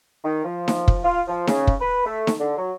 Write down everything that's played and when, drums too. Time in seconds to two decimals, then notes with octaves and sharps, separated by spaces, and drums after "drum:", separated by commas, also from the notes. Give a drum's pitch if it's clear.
0.24 D#3
0.45 F3
0.68 drum: snare D#4
0.88 drum: kick
1.04 F4
1.28 F3
1.47 C#3, drum: snare D#4
1.67 drum: kick
1.80 B4
2.05 A3
2.27 drum: snare D#4
2.40 D3
2.57 F#3